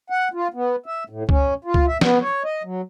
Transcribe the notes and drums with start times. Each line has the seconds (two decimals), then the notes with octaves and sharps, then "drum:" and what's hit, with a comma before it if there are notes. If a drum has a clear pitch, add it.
0.10 F#5
0.34 F4
0.54 B3
0.86 E5
1.10 A2
1.29 C#4, drum: kick C#2
1.64 F4
1.74 drum: kick C#2
1.87 E5
2.01 B3, drum: snare
2.21 C#5
2.44 D#5
2.64 F#3